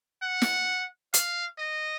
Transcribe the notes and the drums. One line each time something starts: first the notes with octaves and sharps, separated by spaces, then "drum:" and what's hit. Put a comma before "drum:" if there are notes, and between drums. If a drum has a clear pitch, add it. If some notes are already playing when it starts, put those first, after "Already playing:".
F#5
drum: snare
F5, drum: hi-hat
D#5